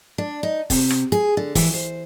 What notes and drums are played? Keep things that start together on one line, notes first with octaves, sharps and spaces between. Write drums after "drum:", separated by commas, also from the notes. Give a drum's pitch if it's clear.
D4
D#4
C3, drum: kick, open hi-hat
drum: rim click
G#4, drum: hi-hat
D3
E3, drum: kick, open hi-hat
C5